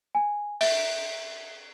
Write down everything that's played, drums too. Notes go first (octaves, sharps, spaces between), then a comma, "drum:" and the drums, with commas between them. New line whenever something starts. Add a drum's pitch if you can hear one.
G#5
E5, drum: open hi-hat